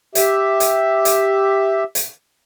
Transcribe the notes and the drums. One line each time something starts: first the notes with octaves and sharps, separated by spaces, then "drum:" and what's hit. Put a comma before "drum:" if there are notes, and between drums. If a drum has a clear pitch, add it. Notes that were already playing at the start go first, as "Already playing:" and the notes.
G4 E5, drum: hi-hat
drum: hi-hat
drum: hi-hat
drum: hi-hat